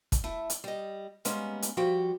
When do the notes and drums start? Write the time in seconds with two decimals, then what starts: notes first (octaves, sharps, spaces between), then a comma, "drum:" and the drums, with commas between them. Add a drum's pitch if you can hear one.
0.12 drum: kick, hi-hat
0.24 A3 E4
0.50 drum: hi-hat
0.64 G3 D#5
1.25 G3 G#3 A#3 B3 C#4, drum: hi-hat
1.62 drum: hi-hat
1.77 F3 G3 F#4 G5